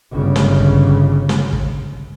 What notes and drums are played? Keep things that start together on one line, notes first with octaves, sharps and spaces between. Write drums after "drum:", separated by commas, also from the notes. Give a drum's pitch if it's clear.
G1 C#3
drum: snare
drum: kick
drum: snare
drum: kick